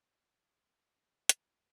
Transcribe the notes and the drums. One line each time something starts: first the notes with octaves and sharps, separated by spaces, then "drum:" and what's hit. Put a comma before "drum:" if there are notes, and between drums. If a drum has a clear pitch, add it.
D4 C5
C4 D4
E5, drum: hi-hat